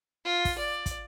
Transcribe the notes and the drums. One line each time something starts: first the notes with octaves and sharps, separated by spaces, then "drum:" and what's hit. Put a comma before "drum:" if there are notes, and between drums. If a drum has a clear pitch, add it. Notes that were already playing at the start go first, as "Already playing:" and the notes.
F4
drum: kick, open hi-hat
D5
drum: kick, hi-hat